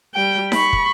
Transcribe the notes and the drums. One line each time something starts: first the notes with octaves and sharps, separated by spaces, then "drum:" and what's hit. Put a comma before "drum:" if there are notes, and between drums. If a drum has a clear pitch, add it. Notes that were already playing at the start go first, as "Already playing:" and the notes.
G3 G5
B5 C#6, drum: snare D#4
drum: kick